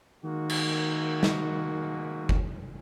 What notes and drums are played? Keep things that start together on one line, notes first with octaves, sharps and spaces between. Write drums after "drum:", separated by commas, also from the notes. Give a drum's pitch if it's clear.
D#3 G#3 A#3 F#4
drum: cymbal
drum: snare
drum: kick F#1